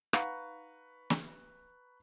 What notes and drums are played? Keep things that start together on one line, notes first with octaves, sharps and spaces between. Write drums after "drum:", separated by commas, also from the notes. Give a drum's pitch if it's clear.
D#4 B4 F5 F#5 A#5 C#6, drum: rim click
drum: snare